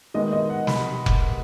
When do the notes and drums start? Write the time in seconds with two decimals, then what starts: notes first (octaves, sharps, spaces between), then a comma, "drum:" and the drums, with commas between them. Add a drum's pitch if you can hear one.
0.14 D#3 G#3 B3 D#5
0.32 D#5
0.50 F#5
0.67 B5, drum: snare
1.06 drum: kick F1